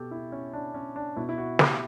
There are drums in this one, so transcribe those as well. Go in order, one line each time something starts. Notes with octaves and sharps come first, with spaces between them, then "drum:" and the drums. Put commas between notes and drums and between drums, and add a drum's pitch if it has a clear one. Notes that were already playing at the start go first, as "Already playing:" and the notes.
Already playing: B2 G4 A4
E4
C#4
D4
C#4
D4
B2 E4
E4
F#4
G4, drum: snare